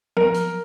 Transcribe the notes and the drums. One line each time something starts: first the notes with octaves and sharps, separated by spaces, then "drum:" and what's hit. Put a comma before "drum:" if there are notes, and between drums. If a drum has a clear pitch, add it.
A#4, drum: tom F3
drum: hi-hat